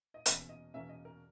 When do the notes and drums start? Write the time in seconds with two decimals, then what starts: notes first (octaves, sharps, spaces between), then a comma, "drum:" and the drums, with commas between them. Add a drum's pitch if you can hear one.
0.14 D#5
0.26 E2 B2 A#3 C#4 E5, drum: hi-hat
0.49 D#5
0.74 E2 B2 A#3 C#4 E5
0.89 D#5
1.05 A#4